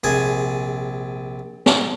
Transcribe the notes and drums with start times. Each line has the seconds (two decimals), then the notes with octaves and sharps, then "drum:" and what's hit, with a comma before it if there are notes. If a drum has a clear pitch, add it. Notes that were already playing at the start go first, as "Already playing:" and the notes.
0.04 A#1 C3 G#4 G#5 A5
1.66 drum: snare